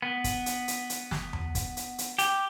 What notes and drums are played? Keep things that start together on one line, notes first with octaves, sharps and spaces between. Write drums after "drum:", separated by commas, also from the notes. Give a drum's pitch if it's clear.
B3
drum: kick, hi-hat
drum: hi-hat
drum: hi-hat
drum: hi-hat
drum: snare
drum: tom E2
drum: kick, hi-hat
drum: hi-hat
drum: hi-hat
G4, drum: hi-hat